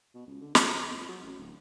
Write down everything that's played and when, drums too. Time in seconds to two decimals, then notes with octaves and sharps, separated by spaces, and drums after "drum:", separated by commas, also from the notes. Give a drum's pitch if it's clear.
0.15 B2
0.27 C#2
0.42 D3
0.55 F3, drum: snare
0.75 E2
0.91 F2
1.08 F#3
1.23 A1
1.39 D1